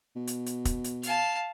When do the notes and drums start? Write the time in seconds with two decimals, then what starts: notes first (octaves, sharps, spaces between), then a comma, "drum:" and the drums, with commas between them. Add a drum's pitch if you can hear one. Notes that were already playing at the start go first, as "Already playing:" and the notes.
0.16 B2
0.27 drum: hi-hat
0.46 drum: hi-hat
0.65 drum: kick, hi-hat
0.84 drum: hi-hat
1.03 F5 A5, drum: hi-hat